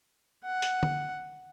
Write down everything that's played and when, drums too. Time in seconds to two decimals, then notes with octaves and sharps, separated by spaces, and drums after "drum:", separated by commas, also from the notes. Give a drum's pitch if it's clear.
0.45 F#5
0.62 drum: hi-hat
0.83 drum: tom